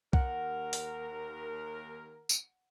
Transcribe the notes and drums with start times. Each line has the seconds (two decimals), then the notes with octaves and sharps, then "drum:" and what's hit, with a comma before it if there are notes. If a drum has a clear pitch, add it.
0.13 D#2 A#4 F#5, drum: kick
0.73 drum: open hi-hat
2.29 drum: tambourine